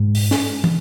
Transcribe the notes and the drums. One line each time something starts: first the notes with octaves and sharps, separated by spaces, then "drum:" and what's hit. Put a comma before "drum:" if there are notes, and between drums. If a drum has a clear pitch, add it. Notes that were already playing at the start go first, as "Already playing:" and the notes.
Already playing: G#2
drum: open hi-hat
drum: snare
drum: tom